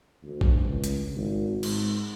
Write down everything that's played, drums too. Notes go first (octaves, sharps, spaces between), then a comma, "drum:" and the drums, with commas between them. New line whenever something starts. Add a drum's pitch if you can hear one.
D2
drum: kick A1
C#2
drum: hi-hat
G#1
G#2, drum: cymbal